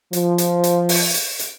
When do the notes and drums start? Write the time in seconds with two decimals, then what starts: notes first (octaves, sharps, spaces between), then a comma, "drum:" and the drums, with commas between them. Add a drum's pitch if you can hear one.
0.13 F3, drum: hi-hat
0.38 drum: hi-hat
0.64 drum: hi-hat
0.89 drum: open hi-hat
1.14 drum: hi-hat
1.39 drum: hi-hat